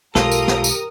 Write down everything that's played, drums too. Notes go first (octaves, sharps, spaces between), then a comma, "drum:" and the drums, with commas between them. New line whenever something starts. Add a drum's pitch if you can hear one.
B1 B2 G#3 F4 G4 A4 A#4 D#6, drum: snare
drum: tambourine
drum: snare
drum: tambourine